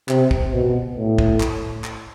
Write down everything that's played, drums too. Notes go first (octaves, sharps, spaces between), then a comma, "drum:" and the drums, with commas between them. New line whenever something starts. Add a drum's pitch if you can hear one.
C3, drum: clap
drum: kick
B2
A2
drum: kick
drum: clap
drum: clap